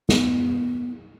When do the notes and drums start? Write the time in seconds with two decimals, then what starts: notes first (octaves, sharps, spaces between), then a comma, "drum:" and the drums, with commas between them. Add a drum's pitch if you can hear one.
0.09 B3, drum: snare